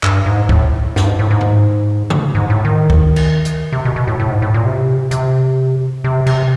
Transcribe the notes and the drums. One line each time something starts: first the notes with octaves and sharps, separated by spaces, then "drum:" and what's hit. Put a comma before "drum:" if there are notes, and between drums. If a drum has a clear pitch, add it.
G2, drum: clap
G#2
A2, drum: kick
G2, drum: snare
G#2
A2
G#2
drum: tom G2
drum: tom C#3
G#2
A2
D#3
drum: kick
drum: cymbal
drum: hi-hat
C3
B2
B2
A2
A2
G#2
A2
A#2
C3
C3, drum: hi-hat
C3
C3, drum: cymbal